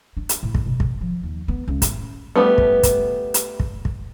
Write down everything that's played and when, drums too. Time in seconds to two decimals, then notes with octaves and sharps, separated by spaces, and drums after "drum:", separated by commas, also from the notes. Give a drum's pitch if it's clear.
0.17 D4
0.29 drum: hi-hat
0.43 A2
0.55 drum: kick
0.66 B2
0.80 drum: kick
1.01 F3
1.23 D#2
1.48 B3
1.68 C#2
1.82 A1, drum: kick, hi-hat
2.36 G3 A3 B3
2.58 drum: kick
2.83 drum: kick, hi-hat
3.34 drum: hi-hat
3.60 drum: kick
3.85 drum: kick